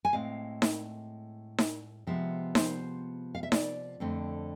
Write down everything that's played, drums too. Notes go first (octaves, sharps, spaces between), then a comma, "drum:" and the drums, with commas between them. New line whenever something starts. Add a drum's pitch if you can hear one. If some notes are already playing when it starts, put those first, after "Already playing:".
G#5
A2 G#3 C4 F5
drum: snare D#4
drum: snare D#4
C3 F3 G#3 B3 E5
C5, drum: snare D#4
F5
E5
D5, drum: snare D#4
F2 D3 A3 C4